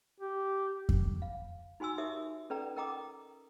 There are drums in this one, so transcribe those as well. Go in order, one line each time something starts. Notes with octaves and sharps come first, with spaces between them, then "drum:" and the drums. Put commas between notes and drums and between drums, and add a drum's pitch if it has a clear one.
G4
drum: kick F2
F5
D#4 F#4 G#5 C6 E6
D#4 G4 A#4 C#5 E5 D#6
C#4 A4 B4 D5 G5 A#5
A#4 D#5 G5 A#5 D6 D#6